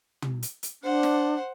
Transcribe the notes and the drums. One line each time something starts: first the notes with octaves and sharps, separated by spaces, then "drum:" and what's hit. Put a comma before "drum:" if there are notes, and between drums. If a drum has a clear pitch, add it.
drum: tom
drum: hi-hat
drum: hi-hat
D4 C5 F#5
drum: snare